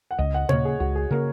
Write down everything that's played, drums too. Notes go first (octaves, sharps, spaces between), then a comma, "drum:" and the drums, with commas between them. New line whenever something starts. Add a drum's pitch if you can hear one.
F#5
C#2 D#5
F#5
C#3 A#3 C#5, drum: tom
G#4
C#2 F#4
G#4
C#3 A#3 A#4